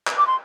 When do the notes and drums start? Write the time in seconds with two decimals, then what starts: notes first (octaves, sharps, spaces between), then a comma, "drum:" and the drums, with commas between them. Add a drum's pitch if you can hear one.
0.07 drum: clap
0.18 D6
0.27 C6